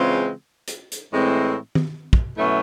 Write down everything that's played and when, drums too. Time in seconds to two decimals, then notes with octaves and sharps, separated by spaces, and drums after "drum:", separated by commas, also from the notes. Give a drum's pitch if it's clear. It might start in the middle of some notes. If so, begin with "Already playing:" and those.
Already playing: C#3 E3 G#3 C4 F4
0.68 drum: hi-hat
0.92 drum: hi-hat
1.12 A2 E3 G#3 C4
1.75 drum: tom D#3
2.13 drum: kick
2.37 B2 F#3 A3 C#4 E4